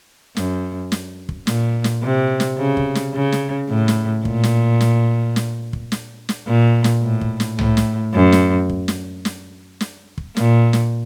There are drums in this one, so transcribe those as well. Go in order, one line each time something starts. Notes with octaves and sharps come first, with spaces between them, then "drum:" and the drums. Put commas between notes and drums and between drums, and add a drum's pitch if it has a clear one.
F#2, drum: snare
drum: snare
drum: kick
A#2, drum: snare
drum: snare
C3
drum: snare
C#3
drum: kick
drum: snare
C#3
drum: snare
A2
drum: snare
A#2, drum: kick
drum: snare
drum: snare
drum: snare
drum: kick
drum: snare
drum: snare
A#2
drum: snare
A2
drum: kick
drum: snare
A2, drum: tom C2
drum: snare
F#2
drum: snare
drum: kick
drum: snare
drum: snare
drum: snare
drum: kick
A#2, drum: snare
drum: snare